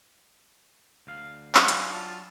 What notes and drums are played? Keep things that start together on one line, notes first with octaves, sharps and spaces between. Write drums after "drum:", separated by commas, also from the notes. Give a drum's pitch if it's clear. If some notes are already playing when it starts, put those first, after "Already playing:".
D2 F5
F#3 D4 F5 G#5, drum: clap
drum: hi-hat
F4 A5